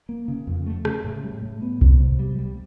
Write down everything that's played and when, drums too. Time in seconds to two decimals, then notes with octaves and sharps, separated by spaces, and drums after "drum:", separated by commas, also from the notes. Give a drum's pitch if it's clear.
0.09 A#3
0.28 C#3
0.47 F2
0.67 A3
0.85 C#3, drum: rim click
1.04 A2
1.24 G3
1.43 A2
1.62 B3
1.81 C3, drum: kick C2
2.00 C3
2.19 G3
2.38 G3